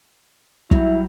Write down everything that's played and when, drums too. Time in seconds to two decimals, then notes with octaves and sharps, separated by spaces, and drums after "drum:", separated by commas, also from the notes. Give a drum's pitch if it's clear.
0.71 F#3 G3 E4, drum: kick